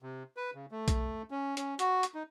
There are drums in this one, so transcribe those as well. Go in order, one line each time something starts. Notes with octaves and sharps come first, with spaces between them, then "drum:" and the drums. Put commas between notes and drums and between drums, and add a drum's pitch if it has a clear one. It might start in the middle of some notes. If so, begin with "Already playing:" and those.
C3
B4
C#3
A3
drum: kick B1, hi-hat
C#4
C#4, drum: hi-hat
F#4, drum: hi-hat
drum: hi-hat
D#4